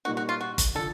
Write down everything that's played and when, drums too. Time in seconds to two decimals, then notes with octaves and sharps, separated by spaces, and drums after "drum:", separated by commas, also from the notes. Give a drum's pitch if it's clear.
0.05 A#2 G3 A#3 D#4 F#4
0.17 F#4
0.29 F4
0.41 F#4
0.58 drum: kick G1, hi-hat
0.75 D3 F3 A4